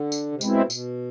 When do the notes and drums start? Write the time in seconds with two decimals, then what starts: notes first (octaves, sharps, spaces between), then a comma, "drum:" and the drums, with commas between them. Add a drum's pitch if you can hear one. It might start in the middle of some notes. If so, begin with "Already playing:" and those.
Already playing: D3
0.12 drum: tambourine
0.32 C3
0.41 B2 G#3 C4 E4, drum: tambourine
0.66 A#2
0.70 B2, drum: tambourine